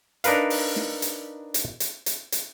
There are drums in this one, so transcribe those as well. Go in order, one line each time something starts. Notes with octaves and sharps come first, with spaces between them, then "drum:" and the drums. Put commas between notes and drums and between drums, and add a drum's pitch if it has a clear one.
D4 D#4 A#4 B4 F5, drum: hi-hat
drum: open hi-hat
drum: snare
drum: hi-hat
drum: hi-hat
drum: hi-hat
drum: hi-hat
drum: hi-hat